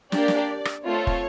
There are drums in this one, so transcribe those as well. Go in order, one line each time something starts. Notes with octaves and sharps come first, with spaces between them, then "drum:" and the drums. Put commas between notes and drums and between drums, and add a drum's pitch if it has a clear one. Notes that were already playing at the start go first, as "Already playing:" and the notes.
A#3 D4 G4 D5, drum: snare
drum: snare
drum: rim click
A3 C4 F4 A4 C#5
drum: kick